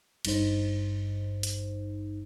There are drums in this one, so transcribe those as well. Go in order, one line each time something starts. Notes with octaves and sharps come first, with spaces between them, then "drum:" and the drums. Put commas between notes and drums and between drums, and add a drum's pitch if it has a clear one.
G#1 G2 D#4 C5, drum: cymbal
drum: hi-hat